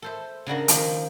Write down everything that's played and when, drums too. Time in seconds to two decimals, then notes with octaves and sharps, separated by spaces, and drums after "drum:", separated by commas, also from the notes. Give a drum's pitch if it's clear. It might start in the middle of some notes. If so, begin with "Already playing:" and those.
0.02 A4 C5 E5
0.47 C#3 D4 F#4 A#4
0.68 D#3 F3, drum: hi-hat